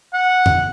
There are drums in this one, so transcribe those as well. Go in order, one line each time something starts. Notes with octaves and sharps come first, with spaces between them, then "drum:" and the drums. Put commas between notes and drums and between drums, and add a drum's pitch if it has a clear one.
F#5
drum: tom F2